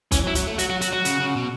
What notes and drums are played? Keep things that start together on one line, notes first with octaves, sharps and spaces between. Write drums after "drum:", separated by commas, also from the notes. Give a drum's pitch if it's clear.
E3 C#4, drum: kick B1, hi-hat
F#3
E4
F#3, drum: hi-hat
A3
F#3 F#4, drum: hi-hat
F#4
F#4, drum: hi-hat
F#4
C#3, drum: hi-hat
C#3
B2